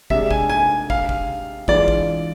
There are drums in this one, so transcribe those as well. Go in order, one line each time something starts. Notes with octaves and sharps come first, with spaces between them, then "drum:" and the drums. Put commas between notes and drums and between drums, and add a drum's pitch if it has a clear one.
C3 G#3 D4 E5, drum: kick
G#5, drum: kick
G#5
F5, drum: kick
drum: kick
E3 G#3 D4 F4 D5, drum: kick
drum: kick